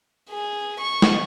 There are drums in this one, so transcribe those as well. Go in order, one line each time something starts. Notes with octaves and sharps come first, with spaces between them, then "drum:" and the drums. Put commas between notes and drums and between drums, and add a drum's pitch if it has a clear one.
G#4
C#6
drum: snare